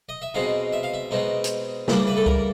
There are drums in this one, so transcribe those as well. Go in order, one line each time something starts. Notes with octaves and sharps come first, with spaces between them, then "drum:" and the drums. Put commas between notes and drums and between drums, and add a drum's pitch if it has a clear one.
D#5
E5
B2 G#3 C4 D#4 F5
E5
F5
E5
B2 G#3 C4 D#4
drum: hi-hat
C#3 E3 G3 A#3 D4, drum: snare
B4
A4
A#4, drum: kick C#2